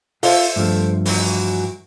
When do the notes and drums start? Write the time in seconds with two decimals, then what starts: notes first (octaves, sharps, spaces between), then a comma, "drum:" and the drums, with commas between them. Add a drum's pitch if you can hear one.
0.23 F4 A4 C5 E5 F5, drum: open hi-hat
0.56 G2 F3 A3
1.06 E3 F#3, drum: open hi-hat